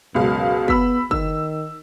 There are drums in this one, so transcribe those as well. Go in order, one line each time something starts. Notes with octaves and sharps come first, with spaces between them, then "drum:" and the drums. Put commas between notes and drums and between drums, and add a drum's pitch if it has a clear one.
C#2 F#2 B2 F5
B3 B5 E6 B6, drum: kick
D#3 E6, drum: kick